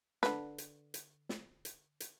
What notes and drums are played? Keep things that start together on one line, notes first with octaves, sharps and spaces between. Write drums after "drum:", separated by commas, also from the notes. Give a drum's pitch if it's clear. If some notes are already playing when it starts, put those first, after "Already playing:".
D3 B4, drum: snare
drum: hi-hat
drum: hi-hat
drum: snare
drum: hi-hat
drum: hi-hat